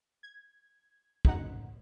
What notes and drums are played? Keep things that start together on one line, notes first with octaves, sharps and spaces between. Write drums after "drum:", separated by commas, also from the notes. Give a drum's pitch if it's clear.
G#6
A#1 F#2 D#4 F#5, drum: kick